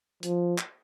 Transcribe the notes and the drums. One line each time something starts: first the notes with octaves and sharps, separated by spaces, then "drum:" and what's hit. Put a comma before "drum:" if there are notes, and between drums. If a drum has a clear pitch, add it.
F3, drum: hi-hat
drum: clap